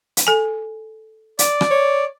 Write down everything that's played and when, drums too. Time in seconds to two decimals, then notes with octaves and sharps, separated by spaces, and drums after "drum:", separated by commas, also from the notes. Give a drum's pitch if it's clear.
0.17 drum: hi-hat
0.27 A4 G#5
1.39 D5, drum: hi-hat
1.61 drum: rim click
1.71 C#5